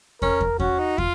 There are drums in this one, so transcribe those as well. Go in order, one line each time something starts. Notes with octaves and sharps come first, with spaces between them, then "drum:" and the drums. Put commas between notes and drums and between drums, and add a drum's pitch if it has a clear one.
C#4 A#4, drum: kick
drum: kick
C#4 F#4, drum: kick
D#4
F4, drum: kick